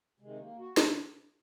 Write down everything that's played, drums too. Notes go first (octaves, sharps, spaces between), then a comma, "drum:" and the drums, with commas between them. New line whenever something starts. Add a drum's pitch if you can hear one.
C3 D#3 G#3
A#3
F#4
C3 D#3, drum: snare